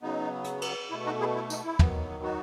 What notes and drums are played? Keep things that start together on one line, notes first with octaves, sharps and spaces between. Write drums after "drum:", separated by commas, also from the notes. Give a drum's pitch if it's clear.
C#3 F#3 B3 D#4
drum: hi-hat
drum: cymbal
B2 A3 E4
D#4 F#4
E4 G#4
E4
D#4, drum: tambourine
E4
D#3 F#3 B3, drum: tom
D#4 F#4